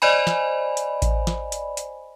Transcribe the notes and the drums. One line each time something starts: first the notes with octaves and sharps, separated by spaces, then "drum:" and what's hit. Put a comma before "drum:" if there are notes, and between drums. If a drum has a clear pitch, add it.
C5 D5 D#5 G#5 B5
drum: snare
drum: hi-hat
drum: kick A1, hi-hat
drum: snare
drum: hi-hat
drum: hi-hat